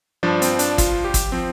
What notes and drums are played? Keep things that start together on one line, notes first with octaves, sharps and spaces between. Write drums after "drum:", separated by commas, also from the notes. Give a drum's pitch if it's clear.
G2 F3 D4
C4, drum: hi-hat
D4, drum: hi-hat
F4, drum: kick, hi-hat
G4
drum: kick, hi-hat
F3 C4